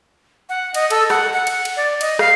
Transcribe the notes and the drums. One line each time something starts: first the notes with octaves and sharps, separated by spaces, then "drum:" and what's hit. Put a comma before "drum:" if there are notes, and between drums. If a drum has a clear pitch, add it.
F#5
D#5, drum: cymbal
A4, drum: cymbal
F#5, drum: rim click
F#5
drum: cymbal
drum: cymbal
D5
D#5, drum: cymbal
F5, drum: rim click